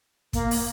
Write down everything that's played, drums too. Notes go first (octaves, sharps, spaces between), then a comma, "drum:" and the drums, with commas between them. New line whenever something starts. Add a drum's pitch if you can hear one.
A#3, drum: kick, hi-hat
drum: open hi-hat